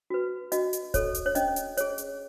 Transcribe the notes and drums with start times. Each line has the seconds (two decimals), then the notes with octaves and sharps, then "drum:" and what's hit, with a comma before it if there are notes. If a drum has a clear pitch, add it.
0.10 F#4 B4
0.52 F#4 D#5, drum: hi-hat
0.73 drum: hi-hat
0.94 A4 C#5, drum: kick D1, hi-hat
1.15 drum: hi-hat
1.26 C#5
1.35 C#4 D#5, drum: hi-hat
1.56 drum: hi-hat
1.77 G#4 C#5, drum: hi-hat
1.98 drum: hi-hat